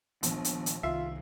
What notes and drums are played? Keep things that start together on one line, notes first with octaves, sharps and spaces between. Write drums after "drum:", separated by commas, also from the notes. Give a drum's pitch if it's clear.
A#1 D#2 B3 D4, drum: hi-hat
drum: hi-hat
drum: hi-hat
C2 D#3 F4 E5 C7